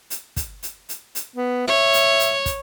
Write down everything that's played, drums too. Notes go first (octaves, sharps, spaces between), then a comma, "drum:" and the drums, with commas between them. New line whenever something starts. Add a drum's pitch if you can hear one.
drum: hi-hat
drum: kick, hi-hat
drum: hi-hat
drum: hi-hat
drum: hi-hat
B3
C#5 E5
drum: hi-hat
drum: hi-hat
drum: kick, hi-hat